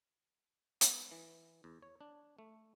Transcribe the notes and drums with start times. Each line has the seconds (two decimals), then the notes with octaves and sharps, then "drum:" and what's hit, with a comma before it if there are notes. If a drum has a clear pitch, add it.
0.81 B3, drum: hi-hat
1.11 E3
1.64 E2
1.82 C#5
2.01 D4
2.39 A3